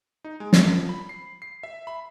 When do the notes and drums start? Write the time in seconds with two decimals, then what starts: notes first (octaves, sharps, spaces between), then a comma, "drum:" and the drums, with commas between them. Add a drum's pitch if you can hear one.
0.24 D#4
0.40 G#3
0.53 G2, drum: snare
0.74 F3
0.89 B5
1.09 C7
1.42 C7
1.63 E5
1.87 B5